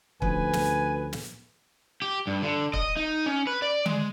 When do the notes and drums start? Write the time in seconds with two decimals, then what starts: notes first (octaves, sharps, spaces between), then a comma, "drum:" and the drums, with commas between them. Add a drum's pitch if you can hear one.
0.22 D2 F3 C#4 B4 G#5 D#6, drum: kick
0.53 drum: snare
1.13 drum: snare
2.02 G4
2.27 G2
2.43 D3
2.73 D#5, drum: kick
2.97 D#4
3.26 C#4
3.47 B4
3.62 D5
3.86 G#3, drum: tom D3